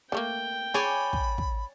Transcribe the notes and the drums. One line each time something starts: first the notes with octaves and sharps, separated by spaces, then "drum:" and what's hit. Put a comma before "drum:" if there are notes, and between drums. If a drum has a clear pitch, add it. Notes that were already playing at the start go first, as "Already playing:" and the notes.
F3 A3 A#3 G5, drum: rim click
G#4 C#5 D5 G#5 B5
drum: kick
drum: kick